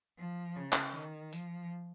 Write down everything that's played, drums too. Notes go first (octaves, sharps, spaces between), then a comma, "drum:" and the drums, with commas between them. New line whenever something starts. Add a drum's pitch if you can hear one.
F3
C#3
drum: clap
D#3
F3, drum: tambourine